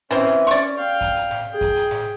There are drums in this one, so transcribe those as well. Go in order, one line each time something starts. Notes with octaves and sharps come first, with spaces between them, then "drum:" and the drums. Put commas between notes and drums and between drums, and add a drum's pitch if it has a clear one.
E3 C4 C#4, drum: snare
drum: hi-hat
C#4 D5 C#6
F5 G5
drum: kick, hi-hat
drum: hi-hat
drum: snare
G#4 G5
drum: kick, hi-hat
drum: hi-hat
drum: snare